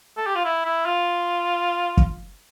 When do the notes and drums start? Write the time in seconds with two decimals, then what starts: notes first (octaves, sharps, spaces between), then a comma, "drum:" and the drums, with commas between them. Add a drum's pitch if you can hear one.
0.17 A4
0.26 G4
0.35 F4
0.44 E4
0.65 E4
0.86 F4
1.97 drum: kick